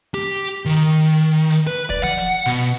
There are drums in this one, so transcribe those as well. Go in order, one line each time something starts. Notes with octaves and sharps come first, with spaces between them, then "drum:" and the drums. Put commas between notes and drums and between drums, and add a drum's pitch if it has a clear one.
G4
D#3
drum: hi-hat
B4
D5, drum: kick
F#5, drum: tom F3
drum: hi-hat
B2, drum: hi-hat